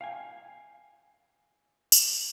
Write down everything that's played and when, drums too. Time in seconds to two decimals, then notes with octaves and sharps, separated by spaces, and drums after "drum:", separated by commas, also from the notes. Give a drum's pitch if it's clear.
0.01 F5 G5 G#5
1.92 drum: tambourine